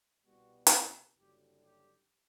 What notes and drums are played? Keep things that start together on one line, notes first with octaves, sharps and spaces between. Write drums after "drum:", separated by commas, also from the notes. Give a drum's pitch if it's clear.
C2 B2 G3 B3 F#4
drum: hi-hat
F#1 F#2 D3 G3 G4
G4